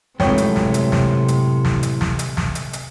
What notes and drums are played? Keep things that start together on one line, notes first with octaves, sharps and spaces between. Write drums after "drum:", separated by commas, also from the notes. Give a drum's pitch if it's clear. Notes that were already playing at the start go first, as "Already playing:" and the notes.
F1 F#2 A2 C3 G#3 A3 C#5 G5, drum: snare
drum: hi-hat
drum: snare
drum: hi-hat
drum: snare
drum: hi-hat
drum: snare
drum: hi-hat
drum: snare
drum: hi-hat
drum: snare
drum: hi-hat
drum: hi-hat